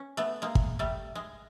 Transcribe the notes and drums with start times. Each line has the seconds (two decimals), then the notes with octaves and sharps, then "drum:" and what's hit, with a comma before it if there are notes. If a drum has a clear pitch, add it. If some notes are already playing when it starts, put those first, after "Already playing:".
Already playing: C#4
0.17 A3 B3
0.42 G#3 A#3
0.55 drum: kick
0.79 G3 A3
1.15 G#3